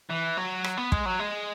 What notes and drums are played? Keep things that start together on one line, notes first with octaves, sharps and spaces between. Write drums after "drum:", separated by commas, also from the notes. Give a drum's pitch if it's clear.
E3
F#3
drum: rim click
B3
G#3, drum: kick
F#3
G#3